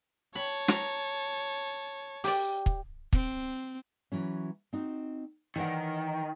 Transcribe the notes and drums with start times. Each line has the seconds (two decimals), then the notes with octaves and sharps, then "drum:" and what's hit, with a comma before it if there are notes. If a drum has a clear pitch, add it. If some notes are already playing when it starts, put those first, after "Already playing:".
0.35 C#5 A5 B5
0.68 A#5, drum: snare
2.24 G4 D5, drum: open hi-hat
2.66 drum: kick
3.13 C4, drum: kick
4.12 E3 F#3 C#4
4.73 C4 D#4 F#4
5.56 D#3 E3 C#5 F#5